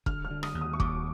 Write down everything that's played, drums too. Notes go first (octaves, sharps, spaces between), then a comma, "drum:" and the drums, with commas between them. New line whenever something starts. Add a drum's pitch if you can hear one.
D3 F6, drum: kick
F6
D3
D#6, drum: rim click
D#2
D#6
C#6
D#2 D6, drum: kick